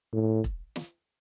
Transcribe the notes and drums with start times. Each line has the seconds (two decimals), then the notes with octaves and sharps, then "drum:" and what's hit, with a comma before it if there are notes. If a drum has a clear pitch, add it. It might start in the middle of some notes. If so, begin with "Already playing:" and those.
0.13 A2
0.44 drum: kick E1
0.76 drum: snare